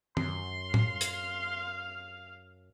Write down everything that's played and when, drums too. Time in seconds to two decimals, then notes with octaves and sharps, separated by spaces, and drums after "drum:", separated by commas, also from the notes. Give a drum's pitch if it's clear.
0.17 F#2 C6, drum: tom
0.74 F5, drum: tom
1.01 drum: hi-hat